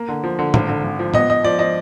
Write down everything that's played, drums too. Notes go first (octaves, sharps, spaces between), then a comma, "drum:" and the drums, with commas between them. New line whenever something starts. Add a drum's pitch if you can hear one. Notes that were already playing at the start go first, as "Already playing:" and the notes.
Already playing: A#3
D3
F3
D3
G#1, drum: tom
D3
G#1
F3
B3 D#5, drum: tom A2
B3 D#5
F3 D5
F3 D#5